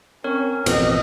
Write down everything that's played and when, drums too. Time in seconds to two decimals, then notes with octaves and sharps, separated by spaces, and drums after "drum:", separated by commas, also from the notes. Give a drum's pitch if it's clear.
0.24 C4 C#4 A#4 C#5
0.66 A1 F2 B2 D#5, drum: cymbal